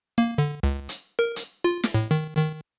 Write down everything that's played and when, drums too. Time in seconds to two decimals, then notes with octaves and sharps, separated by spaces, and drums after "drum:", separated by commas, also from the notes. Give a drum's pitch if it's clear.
0.18 A#3
0.38 D3
0.63 C#2
0.89 drum: hi-hat
1.19 A#4
1.36 drum: hi-hat
1.64 F4
1.83 drum: snare
1.94 A2
2.11 D#3
2.37 D#3